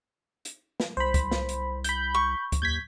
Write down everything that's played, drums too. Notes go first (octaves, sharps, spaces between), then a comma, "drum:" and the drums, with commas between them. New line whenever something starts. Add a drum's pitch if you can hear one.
drum: hi-hat
drum: snare
C2 C5 B5
drum: kick C#2, hi-hat
drum: snare
drum: hi-hat
B5 G6, drum: hi-hat
C#6
drum: kick C#2, hi-hat
D#2 G6 G#6 B6